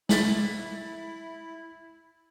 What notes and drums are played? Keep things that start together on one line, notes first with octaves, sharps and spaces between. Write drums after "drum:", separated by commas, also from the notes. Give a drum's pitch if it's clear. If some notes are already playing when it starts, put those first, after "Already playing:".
E4 A6 B6 F#7, drum: snare